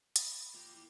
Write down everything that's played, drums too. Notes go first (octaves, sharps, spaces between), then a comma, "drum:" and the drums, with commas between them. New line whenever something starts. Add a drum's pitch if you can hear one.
B5, drum: hi-hat
A#3 F4 G4
E4